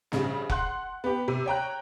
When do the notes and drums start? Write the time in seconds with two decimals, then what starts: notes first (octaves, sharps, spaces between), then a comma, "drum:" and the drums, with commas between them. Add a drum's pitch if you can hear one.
0.12 A#1 C#3 G3, drum: snare
0.50 F#5 C6 F#6, drum: kick F1
1.04 B3 G4
1.28 C3
1.46 C#5 G5 A#5 F#6